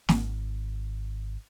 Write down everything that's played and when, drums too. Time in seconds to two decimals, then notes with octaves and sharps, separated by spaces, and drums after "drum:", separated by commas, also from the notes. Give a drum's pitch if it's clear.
0.09 G#1, drum: snare